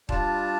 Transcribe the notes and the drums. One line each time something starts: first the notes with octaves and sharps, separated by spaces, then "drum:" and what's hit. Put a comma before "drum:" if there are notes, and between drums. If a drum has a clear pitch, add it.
G3 D4 F4 A5, drum: kick D#1